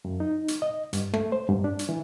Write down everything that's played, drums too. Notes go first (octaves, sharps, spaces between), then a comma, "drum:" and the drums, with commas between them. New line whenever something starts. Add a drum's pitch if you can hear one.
F#2
D#4
drum: hi-hat
D#5
G2, drum: hi-hat
A3, drum: rim click
C5
G2
D4
drum: hi-hat
E3